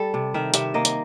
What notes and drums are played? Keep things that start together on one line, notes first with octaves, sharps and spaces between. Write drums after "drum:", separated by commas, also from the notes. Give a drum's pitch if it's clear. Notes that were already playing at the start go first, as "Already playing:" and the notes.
Already playing: G3 A4
C3
D#3 E5
C3 E5, drum: hi-hat
A#3 D#5
drum: hi-hat